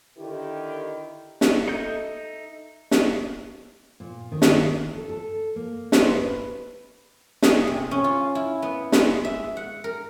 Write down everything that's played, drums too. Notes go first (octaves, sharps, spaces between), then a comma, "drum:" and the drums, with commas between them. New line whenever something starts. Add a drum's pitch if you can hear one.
D3 D#3 E4 G4
drum: snare
D#4 A4 D#5 E5 G6
drum: snare
A#2
D#3
drum: snare
A4
A4
A#3
C5, drum: snare
B4
G#4, drum: snare
C3
C#4
F4
E4
B3
G#3, drum: snare
E5
F#5
A#4